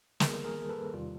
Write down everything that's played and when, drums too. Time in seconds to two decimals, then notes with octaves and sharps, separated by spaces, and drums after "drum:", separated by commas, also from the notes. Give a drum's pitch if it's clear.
0.20 D#3 G3 A#3 G#4 A#4, drum: snare
0.45 G#4 A#4
0.69 A4 B4
0.93 E2 C3 D#3 G3 F4